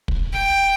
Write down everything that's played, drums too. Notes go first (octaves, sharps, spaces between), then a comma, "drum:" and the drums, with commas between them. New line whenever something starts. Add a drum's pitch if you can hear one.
drum: kick
G5